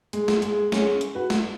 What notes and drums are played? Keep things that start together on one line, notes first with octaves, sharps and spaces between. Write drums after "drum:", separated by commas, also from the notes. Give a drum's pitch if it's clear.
G#3, drum: hi-hat
drum: snare
G#3, drum: hi-hat
G#3 C#4, drum: snare
drum: hi-hat
F#4 B4
drum: snare